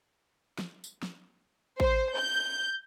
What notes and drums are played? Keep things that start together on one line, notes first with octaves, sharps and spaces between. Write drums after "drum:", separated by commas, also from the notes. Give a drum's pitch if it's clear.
drum: snare
drum: tambourine
drum: snare
C5, drum: kick A1
G6